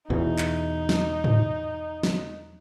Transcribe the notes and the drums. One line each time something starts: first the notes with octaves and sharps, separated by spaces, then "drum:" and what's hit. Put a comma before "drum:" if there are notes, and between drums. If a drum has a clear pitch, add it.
E2 B2 E3 D#4
drum: clap
drum: snare
drum: tom G#2
drum: snare